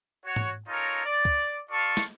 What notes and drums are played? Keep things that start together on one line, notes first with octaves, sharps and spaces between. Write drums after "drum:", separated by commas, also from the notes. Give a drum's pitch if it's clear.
F#4 C#5
drum: tom G#2
C#4 D#4 F4 A4 A#4 C#5
D5
drum: kick
F4 A4 D5 F5 A5 C#6
drum: snare